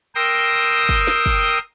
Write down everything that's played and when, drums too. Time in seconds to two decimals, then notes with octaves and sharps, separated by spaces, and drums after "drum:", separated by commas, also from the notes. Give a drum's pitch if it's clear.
0.15 A#4 G5 C6 D#6 E6 A#6
0.89 drum: kick
1.07 drum: snare
1.26 drum: kick